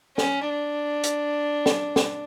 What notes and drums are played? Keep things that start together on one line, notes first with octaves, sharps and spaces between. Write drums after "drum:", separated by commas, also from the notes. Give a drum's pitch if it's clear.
C#4, drum: snare
D4
drum: hi-hat
drum: snare
drum: snare